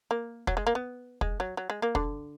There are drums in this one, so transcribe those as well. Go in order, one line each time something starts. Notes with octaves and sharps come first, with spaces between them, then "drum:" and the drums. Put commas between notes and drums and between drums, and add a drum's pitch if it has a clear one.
A#3
F#3, drum: kick
G#3
A#3
B3
G#3, drum: kick
F#3
F#3
G#3
A#3
D3, drum: kick